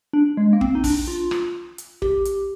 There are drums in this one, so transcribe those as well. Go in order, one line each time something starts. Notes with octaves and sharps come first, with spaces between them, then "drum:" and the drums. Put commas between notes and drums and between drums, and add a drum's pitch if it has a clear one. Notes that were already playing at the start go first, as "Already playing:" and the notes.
D4
G#3
A#3
C4, drum: kick
D#4
D4, drum: kick, open hi-hat
F4
drum: rim click
drum: hi-hat
G4, drum: kick
drum: hi-hat